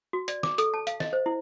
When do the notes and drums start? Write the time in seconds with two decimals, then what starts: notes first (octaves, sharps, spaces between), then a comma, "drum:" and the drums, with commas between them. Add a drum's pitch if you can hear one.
0.13 F#4
0.28 D5, drum: hi-hat
0.43 D6, drum: snare
0.58 A4, drum: hi-hat
0.74 A5
0.87 F5, drum: hi-hat
1.00 D#5, drum: snare
1.13 C5
1.26 E4